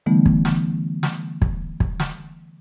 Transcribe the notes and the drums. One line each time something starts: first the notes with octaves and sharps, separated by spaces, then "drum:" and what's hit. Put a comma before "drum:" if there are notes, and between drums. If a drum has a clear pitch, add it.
D3 E3 G3 A3 B3 D#4
drum: kick
drum: snare
drum: snare
drum: kick
drum: kick
drum: snare